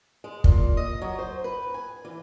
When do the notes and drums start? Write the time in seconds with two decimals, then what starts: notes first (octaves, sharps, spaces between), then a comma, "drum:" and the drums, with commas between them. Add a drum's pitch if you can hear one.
0.24 G#3
0.44 A#2, drum: kick
0.77 D#5
1.01 F#3
1.19 C5
1.44 B4
1.74 G#5
2.05 E3